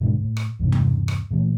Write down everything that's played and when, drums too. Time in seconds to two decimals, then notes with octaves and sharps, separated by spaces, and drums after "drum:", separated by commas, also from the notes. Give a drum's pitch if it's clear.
0.01 G#2 B2 D3 G#3
0.21 A2
0.37 drum: rim click
0.59 E2 G2 C3
0.72 drum: tom E2
1.08 drum: rim click
1.31 A#2 E3 A3